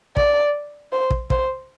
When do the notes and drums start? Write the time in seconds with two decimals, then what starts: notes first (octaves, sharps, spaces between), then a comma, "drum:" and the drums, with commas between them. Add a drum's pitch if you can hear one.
0.17 D5, drum: kick
0.92 C5
1.10 drum: kick
1.30 C5, drum: kick